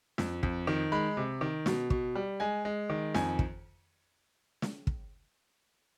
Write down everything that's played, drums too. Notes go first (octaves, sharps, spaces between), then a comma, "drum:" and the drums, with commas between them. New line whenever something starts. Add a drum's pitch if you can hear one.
F2, drum: snare
F2, drum: kick
D#3
G#3 B5
C3
D#3
B2, drum: snare
B2, drum: kick
G3
G#3 G#5
G#3
D#3
F2 G#5, drum: snare
drum: kick
drum: snare
drum: kick